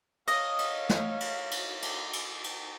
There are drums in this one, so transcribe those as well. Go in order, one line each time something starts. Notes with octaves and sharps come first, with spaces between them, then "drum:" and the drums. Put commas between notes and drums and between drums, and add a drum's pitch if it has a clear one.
C#5 D#5 F5, drum: cymbal
drum: cymbal
drum: snare
drum: cymbal
drum: cymbal
drum: cymbal
drum: cymbal
drum: cymbal